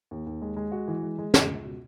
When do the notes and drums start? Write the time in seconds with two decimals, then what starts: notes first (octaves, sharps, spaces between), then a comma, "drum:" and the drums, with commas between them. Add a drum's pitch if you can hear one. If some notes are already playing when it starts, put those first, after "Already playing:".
0.11 D#2
0.27 D#2
0.42 G#3
0.57 G#3
0.72 F#4
0.88 E3
1.03 G#3
1.19 G#3
1.34 G#3, drum: snare
1.49 C#2
1.65 B2